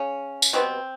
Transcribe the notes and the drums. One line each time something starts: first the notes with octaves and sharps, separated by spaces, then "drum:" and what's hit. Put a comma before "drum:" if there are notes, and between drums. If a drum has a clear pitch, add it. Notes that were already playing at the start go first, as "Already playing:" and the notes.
Already playing: C#3 C#4
drum: tambourine
B2 G3 B3 C4